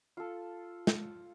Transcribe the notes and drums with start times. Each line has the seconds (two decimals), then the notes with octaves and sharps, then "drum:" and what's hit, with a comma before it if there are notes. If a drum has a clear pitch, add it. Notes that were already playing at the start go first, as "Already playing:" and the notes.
0.17 F4 A4
0.87 drum: snare